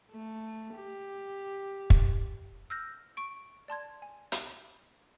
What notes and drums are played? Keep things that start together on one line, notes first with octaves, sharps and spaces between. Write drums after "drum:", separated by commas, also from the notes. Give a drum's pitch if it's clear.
A3
G4
drum: kick
E6 F6 G6 A#6
C#6 D7
D5 A5 C6 G#6
G#5
drum: hi-hat